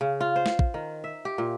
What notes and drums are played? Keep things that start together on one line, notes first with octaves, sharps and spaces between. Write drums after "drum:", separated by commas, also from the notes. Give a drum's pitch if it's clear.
C#3
F4
C5
drum: snare
drum: kick
D#3
E5
G4
A#2